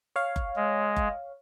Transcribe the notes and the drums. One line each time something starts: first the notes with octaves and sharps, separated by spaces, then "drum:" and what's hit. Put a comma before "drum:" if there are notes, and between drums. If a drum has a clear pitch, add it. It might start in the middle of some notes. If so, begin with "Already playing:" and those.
C#5 F5
drum: kick F#1
G#3
drum: kick F#1